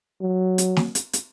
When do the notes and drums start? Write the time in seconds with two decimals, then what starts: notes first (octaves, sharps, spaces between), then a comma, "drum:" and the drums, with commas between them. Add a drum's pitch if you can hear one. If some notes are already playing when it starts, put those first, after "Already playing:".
0.21 F#3
0.58 drum: hi-hat
0.77 drum: snare
0.95 drum: hi-hat
1.13 drum: hi-hat